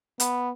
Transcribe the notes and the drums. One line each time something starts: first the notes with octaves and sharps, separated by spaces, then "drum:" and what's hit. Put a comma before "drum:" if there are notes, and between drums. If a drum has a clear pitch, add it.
B3, drum: hi-hat